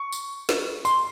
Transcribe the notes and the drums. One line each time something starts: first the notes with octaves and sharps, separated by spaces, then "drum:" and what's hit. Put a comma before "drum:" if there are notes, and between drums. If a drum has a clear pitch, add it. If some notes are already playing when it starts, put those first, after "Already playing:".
Already playing: C#6
drum: tambourine
drum: snare
C6, drum: tambourine